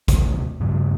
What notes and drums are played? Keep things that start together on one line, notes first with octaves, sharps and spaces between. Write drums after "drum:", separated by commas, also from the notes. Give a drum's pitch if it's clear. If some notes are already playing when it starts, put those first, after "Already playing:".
D2 C3 D#3 A3, drum: kick A1, hi-hat
G2 C#3 F3 G3